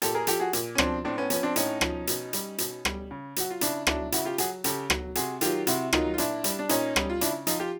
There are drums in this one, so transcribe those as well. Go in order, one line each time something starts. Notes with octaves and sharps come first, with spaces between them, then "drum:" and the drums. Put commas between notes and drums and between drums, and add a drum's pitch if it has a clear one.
A#2 G4 A4, drum: hi-hat
G#4 A#4
F3 G4 A4, drum: hi-hat
F#4 G#4
A#2, drum: hi-hat
C#4
F3 C4 D4, drum: rim click
A2 C4 D4
B3 C#4
F3 B3 C#4, drum: hi-hat
C4 D4
A2 C#4 D#4, drum: hi-hat
F3, drum: rim click
B2, drum: hi-hat
G3, drum: hi-hat
B2, drum: hi-hat
G3, drum: rim click
C#3
F#3 F#4, drum: hi-hat
F4
C#3 D4 E4, drum: hi-hat
F#3 D4 E4, drum: rim click
C#3 E4 F#4, drum: hi-hat
F4 G4
F#3 F#4 G#4, drum: hi-hat
C#3 G4 A4, drum: hi-hat
F#3, drum: rim click
C3 F#4 G#4, drum: hi-hat
D#3 F#3 F4 G4, drum: hi-hat
C3 E4 F#4, drum: hi-hat
D#3 F#3 D#4 F4, drum: rim click
F4
A#2 D4 E4, drum: hi-hat
G3, drum: hi-hat
D4
A#2 C#4 D#4, drum: hi-hat
G3, drum: rim click
F4
C#3 D4 E4, drum: hi-hat
F3 D#4 F4, drum: hi-hat
F4 G4